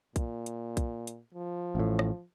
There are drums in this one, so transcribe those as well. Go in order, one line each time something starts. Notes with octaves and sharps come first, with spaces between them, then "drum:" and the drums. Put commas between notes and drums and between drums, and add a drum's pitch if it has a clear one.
A#2, drum: kick B1, hi-hat
drum: hi-hat
drum: kick B1, hi-hat
drum: hi-hat
F3
A1 A2
drum: rim click